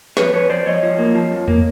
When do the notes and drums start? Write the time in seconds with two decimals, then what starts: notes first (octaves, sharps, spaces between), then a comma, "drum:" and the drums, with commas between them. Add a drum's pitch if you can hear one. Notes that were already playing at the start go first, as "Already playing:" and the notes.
0.17 F2 B4 C#5, drum: snare
0.33 F2 B4 C#5
0.50 F2 C5 D5
0.66 F3 C#5 D#5
0.83 F3
0.99 A#3
1.15 F3
1.31 F2
1.48 A#3, drum: tom E2